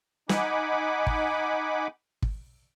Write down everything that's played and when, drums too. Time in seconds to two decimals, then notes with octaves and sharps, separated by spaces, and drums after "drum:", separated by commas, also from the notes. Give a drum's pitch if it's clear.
0.29 D#4 F#5 G#5 B5 D6, drum: snare
1.07 drum: kick
2.22 drum: kick